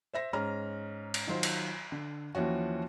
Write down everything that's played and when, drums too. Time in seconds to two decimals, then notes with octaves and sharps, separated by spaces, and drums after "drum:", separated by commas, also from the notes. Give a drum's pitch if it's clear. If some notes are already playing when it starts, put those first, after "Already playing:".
0.13 C5 E5 A#6
0.33 G#2 C#4 A#5 F6
1.14 drum: cymbal
1.27 D#3 F#3 F4 C5
1.43 drum: cymbal
1.92 D3
2.35 D#2 E3 F3 C#4 F#4